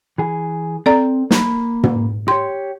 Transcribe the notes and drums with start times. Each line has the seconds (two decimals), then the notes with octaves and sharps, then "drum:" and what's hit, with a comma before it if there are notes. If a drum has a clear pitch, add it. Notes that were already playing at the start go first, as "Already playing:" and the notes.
0.18 E3 G#4
0.86 C4 A4 D5 A#5
1.31 A#3 B5, drum: snare
1.83 drum: tom
2.28 G4 C#5 C6